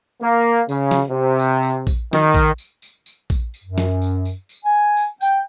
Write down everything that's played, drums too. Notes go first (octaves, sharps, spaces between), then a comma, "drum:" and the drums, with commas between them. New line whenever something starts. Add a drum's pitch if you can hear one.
A#3
C#3, drum: tambourine
drum: snare
C3
drum: tambourine
drum: tambourine
drum: kick A#1, tambourine
D#3, drum: snare
drum: kick A#1, tambourine
drum: tambourine
drum: tambourine
drum: tambourine
drum: kick A#1, tambourine
drum: tambourine
F#2
drum: snare
drum: tambourine
drum: tambourine
drum: tambourine
G#5
drum: tambourine
G5, drum: tambourine